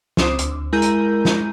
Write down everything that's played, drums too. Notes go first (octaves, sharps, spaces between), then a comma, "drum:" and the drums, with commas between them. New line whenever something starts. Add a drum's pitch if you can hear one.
C#2 C4 C5 D6 D#6 E7, drum: snare
D2, drum: hi-hat
G#3 E4 A#4 A#5 G6 D#7
drum: hi-hat
drum: snare